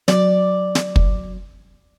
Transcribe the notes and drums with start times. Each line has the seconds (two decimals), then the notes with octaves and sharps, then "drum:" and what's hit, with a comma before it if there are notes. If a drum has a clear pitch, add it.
0.08 F#3 D5, drum: snare
0.75 drum: snare
0.96 drum: kick